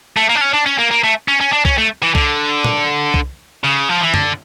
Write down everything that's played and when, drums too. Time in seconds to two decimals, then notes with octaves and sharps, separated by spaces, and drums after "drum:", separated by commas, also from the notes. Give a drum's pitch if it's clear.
0.17 A3
0.29 A#3
0.35 D4
0.41 C#4
0.53 D4
0.66 C#4
0.78 A#3
0.91 A#3
1.04 A3
1.28 C#4
1.40 C#4
1.52 D4
1.65 C#4, drum: kick C2
1.78 A3
2.02 E3
2.15 D3, drum: kick C2
2.64 drum: tom
3.14 drum: kick C2
3.64 C#3
3.89 F3
4.01 E3
4.14 D3, drum: tom F#2